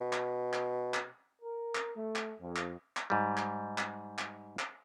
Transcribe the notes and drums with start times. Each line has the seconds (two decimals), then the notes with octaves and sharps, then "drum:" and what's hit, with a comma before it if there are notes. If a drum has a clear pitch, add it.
0.01 B2
0.13 drum: clap
0.53 drum: clap
0.94 drum: clap
1.42 A#4
1.75 drum: clap
1.95 A3
2.16 drum: clap
2.39 F2
2.56 drum: clap
2.97 drum: clap
3.10 G#2 G3
3.37 drum: clap
3.78 drum: clap
4.19 drum: clap
4.59 drum: clap